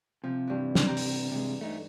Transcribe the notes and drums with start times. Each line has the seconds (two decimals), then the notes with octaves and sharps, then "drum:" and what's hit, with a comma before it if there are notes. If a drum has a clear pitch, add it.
0.24 C3 F3
0.47 G2 E3
0.75 drum: snare
0.86 G4 A#5
0.97 drum: open hi-hat
1.32 C3 G#3
1.61 A3 D#4